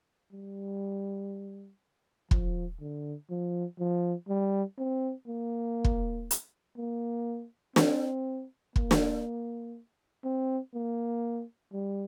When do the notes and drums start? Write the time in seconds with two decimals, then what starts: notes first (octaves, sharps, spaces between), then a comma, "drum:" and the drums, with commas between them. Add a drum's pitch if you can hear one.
0.32 G3
2.31 F3, drum: kick
2.80 D3
3.30 F3
3.79 F3
4.29 G3
4.78 C4
5.27 A#3
5.84 drum: kick
6.31 drum: hi-hat
6.77 A#3
7.76 C4, drum: snare
8.76 A#3, drum: kick
8.91 drum: snare
10.24 C4
10.74 A#3
11.73 G3